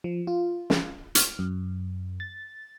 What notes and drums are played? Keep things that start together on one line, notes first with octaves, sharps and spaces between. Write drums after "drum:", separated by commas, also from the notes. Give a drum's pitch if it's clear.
F3
F4
drum: snare
F6, drum: hi-hat
F#2
A6